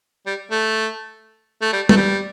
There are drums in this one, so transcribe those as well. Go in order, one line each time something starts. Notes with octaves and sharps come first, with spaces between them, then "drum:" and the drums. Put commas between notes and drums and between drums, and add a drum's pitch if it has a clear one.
G3
A3
A3
G3
A3, drum: tom G3
G3